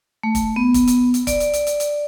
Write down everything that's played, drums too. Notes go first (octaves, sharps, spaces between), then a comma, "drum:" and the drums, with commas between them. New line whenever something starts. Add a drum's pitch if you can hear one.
A3
drum: kick, hi-hat
B3
drum: kick, hi-hat
drum: hi-hat
drum: hi-hat
D5, drum: kick, hi-hat
drum: hi-hat
drum: hi-hat
drum: hi-hat
drum: hi-hat